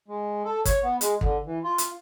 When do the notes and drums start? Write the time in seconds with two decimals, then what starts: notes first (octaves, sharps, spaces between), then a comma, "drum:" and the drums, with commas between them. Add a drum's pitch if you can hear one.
0.08 G#3
0.45 A4
0.65 C#5, drum: kick, hi-hat
0.84 B3
1.01 G#3, drum: hi-hat
1.21 D3, drum: kick
1.46 E3
1.64 F4
1.78 drum: hi-hat